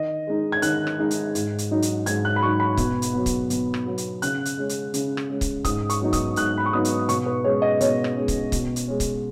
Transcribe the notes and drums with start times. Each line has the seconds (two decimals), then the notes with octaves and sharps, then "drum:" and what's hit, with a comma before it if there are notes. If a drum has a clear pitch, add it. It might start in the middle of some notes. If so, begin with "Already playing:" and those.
Already playing: D#3 D#5
0.27 G#3 D#4
0.52 G#6
0.62 D#3 F#6, drum: hi-hat
0.87 drum: rim click
0.98 G#3 D#4
1.11 drum: hi-hat
1.35 G#2, drum: hi-hat
1.58 drum: hi-hat
1.71 F#3 D#4
1.82 drum: hi-hat
2.06 G#2 G#6, drum: hi-hat
2.25 F#6
2.36 B5
2.42 F#3 D#4 C#6
2.60 B5
2.77 B2, drum: kick C#1, hi-hat
3.02 drum: hi-hat
3.13 F#3 B3
3.26 drum: kick C#1, hi-hat
3.50 B2, drum: hi-hat
3.74 drum: rim click
3.86 F#3 B3
3.98 drum: hi-hat
4.22 C#3 F#6, drum: hi-hat
4.45 drum: hi-hat
4.58 G#3 C#4
4.69 drum: hi-hat
4.94 C#3, drum: hi-hat
5.17 drum: rim click
5.30 G#3 C#4
5.41 drum: kick C#1, hi-hat
5.65 G#2 D#6, drum: kick C#1, hi-hat
5.90 C#6, drum: hi-hat
6.02 F#3 B3 D#4
6.13 D#6, drum: kick C#1, hi-hat
6.36 G#2 F#6, drum: hi-hat
6.58 B5
6.66 C#6
6.73 F#3 B3 D#4 D#6
6.85 drum: hi-hat
7.09 B2 C#6, drum: hi-hat
7.26 B4
7.44 G#3 C#4 C#5
7.62 D#5
7.81 B2 C#5, drum: hi-hat
8.04 drum: rim click
8.16 G#3 C#4
8.28 drum: kick C#1, hi-hat
8.52 B2, drum: kick C#1, hi-hat
8.76 drum: hi-hat
8.88 G#3 C#4
9.00 drum: kick C#1, hi-hat